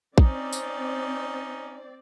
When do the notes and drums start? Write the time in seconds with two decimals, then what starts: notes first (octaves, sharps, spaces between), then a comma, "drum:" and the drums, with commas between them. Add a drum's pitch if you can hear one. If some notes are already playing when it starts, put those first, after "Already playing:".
0.18 C4 C#4 D#4 D5, drum: kick A#1
0.53 drum: tambourine